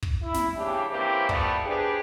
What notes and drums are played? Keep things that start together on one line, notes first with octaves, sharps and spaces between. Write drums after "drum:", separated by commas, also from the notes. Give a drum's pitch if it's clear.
drum: kick
E4
drum: snare
C#3 E3 D4 G4
E3 A#3 C4 C#4 G4
F3 G3 A3 B3, drum: kick
D4 G4 G#4 B4 C5